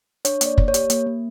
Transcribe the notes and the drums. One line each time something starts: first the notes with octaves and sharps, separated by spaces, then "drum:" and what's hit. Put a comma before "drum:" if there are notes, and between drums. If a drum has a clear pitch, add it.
D4 C#5, drum: hi-hat
A#3 D5, drum: hi-hat
A#3, drum: kick
C#5
G4, drum: hi-hat
A#3, drum: hi-hat
A#3